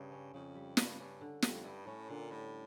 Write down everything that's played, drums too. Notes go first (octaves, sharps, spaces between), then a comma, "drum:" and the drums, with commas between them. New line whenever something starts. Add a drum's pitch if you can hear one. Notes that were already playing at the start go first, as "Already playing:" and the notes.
Already playing: G2 C#3 G3
C#4
F2 C#3
G3
G2 E4, drum: snare
G2 C#4
D3
F2 G3, drum: snare
G2 E4
A2 C#4
A#2 D3
A2 G3